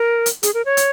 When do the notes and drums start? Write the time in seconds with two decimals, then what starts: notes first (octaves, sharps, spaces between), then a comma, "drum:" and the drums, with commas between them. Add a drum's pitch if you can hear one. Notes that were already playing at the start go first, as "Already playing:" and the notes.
Already playing: A#4
0.26 drum: hi-hat
0.43 G#4, drum: hi-hat
0.54 A#4
0.65 C#5
0.77 drum: hi-hat